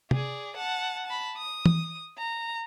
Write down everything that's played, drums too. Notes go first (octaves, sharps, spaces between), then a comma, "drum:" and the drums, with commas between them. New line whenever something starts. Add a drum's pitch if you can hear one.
G#4 D5, drum: tom C3
F#5 A5
A5 B5
D#6
drum: tom E3
A#5